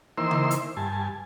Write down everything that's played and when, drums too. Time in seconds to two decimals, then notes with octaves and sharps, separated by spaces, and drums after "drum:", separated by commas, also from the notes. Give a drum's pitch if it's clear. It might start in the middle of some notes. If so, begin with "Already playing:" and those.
0.18 D#3 E3 A#3 C5 C6 E6
0.31 drum: tom C#3
0.51 drum: hi-hat
0.77 G2 G#5 A5